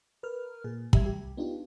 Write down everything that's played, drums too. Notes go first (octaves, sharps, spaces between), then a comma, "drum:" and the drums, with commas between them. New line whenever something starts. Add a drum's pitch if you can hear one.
A#4 B4 F6
A#2 G#4
G3 E5 G#6, drum: kick
C2 G4
B3 D4 D#4 F4 G4